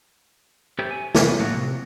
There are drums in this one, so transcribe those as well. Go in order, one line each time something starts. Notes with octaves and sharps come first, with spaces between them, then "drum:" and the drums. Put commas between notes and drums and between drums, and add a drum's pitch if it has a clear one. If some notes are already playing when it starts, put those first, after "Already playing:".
G4 A4 C5 C#5 E5 G5
G#5
C3 E3 F#3 B3 C#4, drum: snare
A2 F3 F#3 A#3 F#4
C3